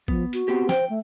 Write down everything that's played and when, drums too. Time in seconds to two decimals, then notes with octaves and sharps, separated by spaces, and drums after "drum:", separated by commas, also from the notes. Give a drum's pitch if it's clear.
0.08 F3 B3, drum: kick
0.33 F#4, drum: hi-hat
0.48 B3 C4 G4
0.69 C5 G5, drum: snare
0.90 A3